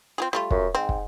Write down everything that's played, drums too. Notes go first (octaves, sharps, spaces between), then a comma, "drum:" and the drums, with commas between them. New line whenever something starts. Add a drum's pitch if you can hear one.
C4 F4 G#4
G3 A3 F4
F#2, drum: kick
G#2 C4
drum: kick